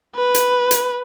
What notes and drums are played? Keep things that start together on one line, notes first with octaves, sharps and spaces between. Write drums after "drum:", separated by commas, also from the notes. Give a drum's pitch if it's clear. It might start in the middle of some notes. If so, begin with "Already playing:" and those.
B4
drum: hi-hat
drum: hi-hat